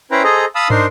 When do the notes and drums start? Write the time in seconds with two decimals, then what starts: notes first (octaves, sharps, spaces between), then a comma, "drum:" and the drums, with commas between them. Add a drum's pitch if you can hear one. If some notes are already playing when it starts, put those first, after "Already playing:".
0.11 C#4 E4 B4 C5 G5 A#5
0.24 G#4 A4 C5 D#5 A#5
0.55 F5 A5 B5 D#6 E6
0.70 D4 D#4 A#4 C5 C6, drum: tom